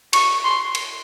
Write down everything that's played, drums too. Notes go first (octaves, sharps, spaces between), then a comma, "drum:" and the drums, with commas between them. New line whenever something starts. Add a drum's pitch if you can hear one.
C#6, drum: cymbal
C6
drum: cymbal